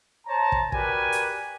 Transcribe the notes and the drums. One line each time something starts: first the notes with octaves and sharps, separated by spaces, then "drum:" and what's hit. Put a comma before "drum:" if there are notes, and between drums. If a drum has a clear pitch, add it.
C5 C#5 A5 A#5
drum: kick
F#4 G4 A#4 B4 D5 G#5, drum: kick
drum: hi-hat